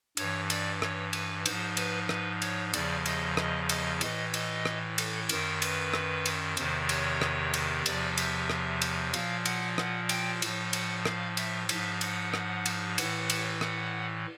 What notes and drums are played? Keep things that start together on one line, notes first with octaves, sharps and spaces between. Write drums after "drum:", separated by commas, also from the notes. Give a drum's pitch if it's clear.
G2 E3 C#5, drum: cymbal
D5, drum: cymbal
C#5, drum: rim click
B4, drum: cymbal
G#2 F3 C5, drum: cymbal
B4, drum: cymbal
B4, drum: rim click
C#5, drum: cymbal
E2 C#3 F3 D5, drum: cymbal
D#5, drum: cymbal
D#5, drum: rim click
D#5, drum: cymbal
A2 E3 D#5, drum: cymbal
D#5, drum: cymbal
drum: rim click
A4, drum: cymbal
F#2 D#3 A#4, drum: cymbal
B4, drum: cymbal
drum: rim click
drum: cymbal
E2 C3 D#3 C5, drum: cymbal
C#5, drum: cymbal
drum: rim click
drum: cymbal
E2 C3 F3 D5, drum: cymbal
E5, drum: cymbal
drum: rim click
drum: cymbal
A#2 F3 F5, drum: cymbal
F#5, drum: cymbal
F#5, drum: rim click
G5, drum: cymbal
A2 F3, drum: cymbal
F#5, drum: cymbal
F5, drum: rim click
E5, drum: cymbal
G#2 F3 E5, drum: cymbal
F#5, drum: cymbal
drum: rim click
drum: cymbal
A2 E3 F#5, drum: cymbal
drum: cymbal
F#5, drum: rim click